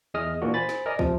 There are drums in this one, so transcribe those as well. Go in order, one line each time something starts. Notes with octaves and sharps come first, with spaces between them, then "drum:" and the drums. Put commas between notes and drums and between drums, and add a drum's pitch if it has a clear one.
E2 G#4 D#5 D#6 F6
A#2 E3 A#3 D4 F#4
C5 G#5 B5 A6
drum: snare
A#4 D5 D#5 G#5
C3 F3, drum: kick